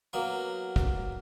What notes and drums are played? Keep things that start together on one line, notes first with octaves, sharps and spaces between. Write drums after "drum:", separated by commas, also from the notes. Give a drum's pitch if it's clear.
F#3 A#3 B3 C#6
drum: kick